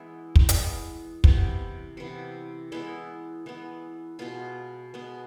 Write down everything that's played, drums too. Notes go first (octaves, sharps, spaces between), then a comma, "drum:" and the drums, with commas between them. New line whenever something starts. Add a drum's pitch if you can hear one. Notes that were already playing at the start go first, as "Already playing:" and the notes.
Already playing: E3 G#3 B3 E4
drum: kick
E3 G#3 B3, drum: hi-hat
C3 E3 B3, drum: kick
C3 E3 B3
E3 G#3 B3 E4
E3 G#3 B3
B2 G#3 B3 F4
B2 G#3 B3